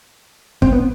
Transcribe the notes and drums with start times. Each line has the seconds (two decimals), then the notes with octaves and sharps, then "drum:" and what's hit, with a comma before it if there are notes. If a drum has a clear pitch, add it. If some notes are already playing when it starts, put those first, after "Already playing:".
0.62 C4, drum: kick
0.73 B3